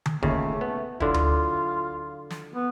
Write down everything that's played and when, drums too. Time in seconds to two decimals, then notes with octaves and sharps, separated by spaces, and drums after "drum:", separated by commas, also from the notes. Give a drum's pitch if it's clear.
0.06 drum: tom D3
0.23 D#2 A#2 C#3 A3, drum: kick
0.61 B3
1.00 D3 F#3 E4 F4, drum: kick
1.14 drum: tom D2
2.30 drum: snare
2.54 B3